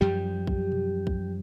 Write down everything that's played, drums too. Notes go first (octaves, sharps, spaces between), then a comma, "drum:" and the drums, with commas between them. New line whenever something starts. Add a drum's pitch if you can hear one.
F#2 F3 G3 G4
drum: kick A#1
drum: tom B2
drum: kick A#1